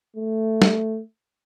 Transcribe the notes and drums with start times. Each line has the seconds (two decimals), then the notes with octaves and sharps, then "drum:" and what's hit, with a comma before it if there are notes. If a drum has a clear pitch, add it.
0.17 A3
0.62 drum: snare